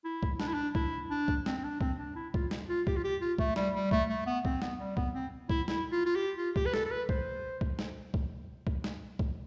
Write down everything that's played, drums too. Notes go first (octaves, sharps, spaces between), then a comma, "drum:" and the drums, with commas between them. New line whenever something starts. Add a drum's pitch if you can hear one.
E4
drum: kick C2
D4, drum: snare
E4
D4
E4, drum: kick C2
D4
drum: kick C2
C4, drum: snare
C4
D4
C4, drum: kick C2
D4
E4
F4, drum: kick C2
drum: snare
F4
G4, drum: kick C2
F4
G4
F4
A3, drum: kick C2
G3, drum: snare
G3
A3, drum: kick C2
A3
B3
C4, drum: kick C2
B3, drum: snare
G3
B3, drum: kick C2
C4
E4, drum: kick C2
E4, drum: snare
F4
F4
G4
F4
G4, drum: kick C2
B4
A4, drum: snare
A4
B4
C5, drum: kick C2
drum: kick C2
drum: snare
drum: kick C2
drum: kick C2
drum: snare
drum: kick C2